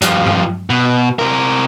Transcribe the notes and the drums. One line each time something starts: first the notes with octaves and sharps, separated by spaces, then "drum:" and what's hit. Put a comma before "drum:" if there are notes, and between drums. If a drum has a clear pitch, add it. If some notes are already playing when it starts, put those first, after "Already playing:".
G2 F3, drum: hi-hat
drum: tom G2
B2
C3 A#4